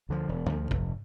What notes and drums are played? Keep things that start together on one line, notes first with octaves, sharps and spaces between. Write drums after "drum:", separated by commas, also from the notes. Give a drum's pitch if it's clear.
D2 D3 F3
E1
D2 D3 F3
F1, drum: kick A1